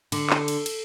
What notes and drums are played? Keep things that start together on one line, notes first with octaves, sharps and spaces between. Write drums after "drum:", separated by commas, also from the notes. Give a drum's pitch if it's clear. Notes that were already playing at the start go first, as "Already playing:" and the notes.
D3, drum: cymbal
drum: clap
drum: cymbal
drum: cymbal